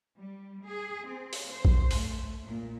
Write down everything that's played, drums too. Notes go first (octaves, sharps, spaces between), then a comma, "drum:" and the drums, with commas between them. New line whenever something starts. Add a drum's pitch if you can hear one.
G3
G#4
C4
drum: open hi-hat
C5
drum: kick A#1
A3, drum: open hi-hat
A#2